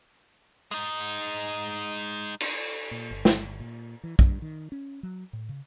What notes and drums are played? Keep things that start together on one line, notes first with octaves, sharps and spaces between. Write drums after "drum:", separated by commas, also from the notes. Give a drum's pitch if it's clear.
G#3 D#4
drum: cymbal
A#2
G1
drum: snare
A#2
E3
G2, drum: kick
D#3
C#4
F#3
A2
C#3